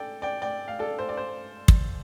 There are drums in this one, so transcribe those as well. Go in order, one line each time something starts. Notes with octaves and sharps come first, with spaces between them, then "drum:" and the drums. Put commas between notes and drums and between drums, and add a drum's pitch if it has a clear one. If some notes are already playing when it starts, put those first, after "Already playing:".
Already playing: A4 D5 G5
D5 G5
D5 G5
F5
A4 D5
C5
D5
C5
drum: kick